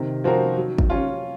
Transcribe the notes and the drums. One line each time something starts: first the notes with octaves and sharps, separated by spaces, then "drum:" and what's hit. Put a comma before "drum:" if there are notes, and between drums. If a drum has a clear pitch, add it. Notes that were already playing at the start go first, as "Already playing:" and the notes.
Already playing: C3 D#3
F3 C4 F#4 A#4
F#3
drum: kick
C#4 F4